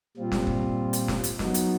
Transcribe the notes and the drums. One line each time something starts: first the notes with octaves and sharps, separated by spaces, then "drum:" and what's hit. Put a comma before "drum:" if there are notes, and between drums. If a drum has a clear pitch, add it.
A#2 G3 C4 F4
drum: snare
drum: kick
drum: hi-hat
drum: snare
drum: hi-hat
F#3 B3 D#4, drum: snare
drum: hi-hat